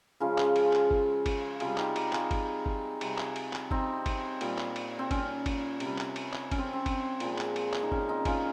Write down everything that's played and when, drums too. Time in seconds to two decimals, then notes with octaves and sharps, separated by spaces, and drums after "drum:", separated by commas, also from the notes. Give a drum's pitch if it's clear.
0.20 C#3 F3 G#3 C#4 F4
0.38 drum: clap
0.56 drum: cymbal
0.73 drum: clap
0.91 drum: kick G#1
1.26 drum: kick G#1, cymbal
1.60 C3 G3 F4 G#4, drum: cymbal
1.78 D#4 G4, drum: clap
1.96 D#4 G4, drum: cymbal
2.13 F4 G#4, drum: clap
2.31 drum: kick G#1, cymbal
2.66 drum: kick G#1
3.01 C3 G3, drum: cymbal
3.18 drum: clap
3.36 drum: cymbal
3.53 drum: clap
3.71 C4 D#4, drum: kick G#1
4.06 drum: kick G#1, cymbal
4.41 A#2 G3, drum: cymbal
4.58 drum: clap
4.76 drum: cymbal
4.99 C4
5.11 C#4, drum: kick G#1, cymbal
5.46 drum: kick G#1, cymbal
5.80 C3, drum: cymbal
5.85 G3
5.98 drum: clap
6.16 drum: cymbal
6.33 drum: clap
6.51 C#4, drum: kick G#1, cymbal
6.58 C4
6.73 C4
6.86 drum: kick G#1, cymbal
7.20 A#2 F3 G#3, drum: cymbal
7.38 drum: clap
7.56 drum: cymbal
7.73 drum: clap
7.83 D#4
7.92 C#4, drum: kick G#1
8.09 C4 D#4
8.25 C#4 F4, drum: kick G#1, cymbal